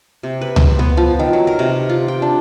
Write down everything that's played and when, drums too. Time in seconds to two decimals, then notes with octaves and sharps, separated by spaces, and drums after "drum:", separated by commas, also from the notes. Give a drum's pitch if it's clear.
0.23 C3
0.41 B4
0.56 C5, drum: tom C#2
0.79 B3
0.97 F3
1.19 D#3
1.33 F#3
1.47 A#4
1.59 C3
1.89 F4
2.08 G5
2.22 D4